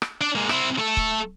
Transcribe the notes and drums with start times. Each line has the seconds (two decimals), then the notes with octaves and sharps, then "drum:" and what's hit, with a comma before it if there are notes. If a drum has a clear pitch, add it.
0.02 drum: rim click
0.21 D4 D5
0.35 G#3 A#3
0.49 C4 E4, drum: rim click
0.78 A3 A4
0.97 drum: kick C#1